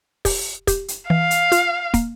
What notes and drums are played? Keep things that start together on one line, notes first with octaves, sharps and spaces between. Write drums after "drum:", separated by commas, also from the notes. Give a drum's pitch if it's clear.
G4, drum: kick, open hi-hat
G4, drum: kick, hi-hat
drum: hi-hat
E3 F5
drum: hi-hat
F4, drum: hi-hat
A#3, drum: kick, hi-hat